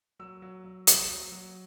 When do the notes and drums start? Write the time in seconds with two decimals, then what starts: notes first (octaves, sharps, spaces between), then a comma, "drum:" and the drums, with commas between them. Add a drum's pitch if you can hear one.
0.19 F#3 E6
0.42 F#3
0.64 F#3
0.87 F#3, drum: hi-hat
1.09 F#3
1.32 F#3